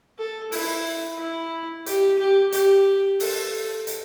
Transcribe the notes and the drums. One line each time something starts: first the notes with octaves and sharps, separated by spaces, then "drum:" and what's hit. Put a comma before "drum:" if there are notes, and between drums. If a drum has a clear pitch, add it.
A4
E4, drum: open hi-hat
E4
G4, drum: hi-hat
G4
G4, drum: hi-hat
A4, drum: open hi-hat
drum: hi-hat